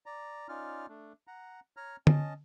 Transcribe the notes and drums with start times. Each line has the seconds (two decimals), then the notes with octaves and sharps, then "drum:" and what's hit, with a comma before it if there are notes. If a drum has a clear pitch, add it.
0.06 D5 A#5
0.49 C#4 D#4 F4 D5 F6
0.89 A3 D4
1.27 F#5 A#5
1.77 C#5 A#5 F6
2.07 C#4 D#5 A5, drum: tom D3